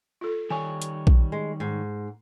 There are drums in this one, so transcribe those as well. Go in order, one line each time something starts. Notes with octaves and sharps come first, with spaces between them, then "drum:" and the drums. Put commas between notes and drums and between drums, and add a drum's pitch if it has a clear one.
F4 A4
D#3 G3 C#5 G#5
drum: hi-hat
drum: kick A#1
G#3
G#2